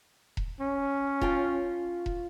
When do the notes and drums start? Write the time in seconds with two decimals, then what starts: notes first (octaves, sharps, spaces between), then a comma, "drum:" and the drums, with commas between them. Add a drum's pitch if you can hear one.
0.37 drum: kick E1
0.60 C#4
1.22 F4 G5 A5, drum: kick E1
2.06 drum: kick E1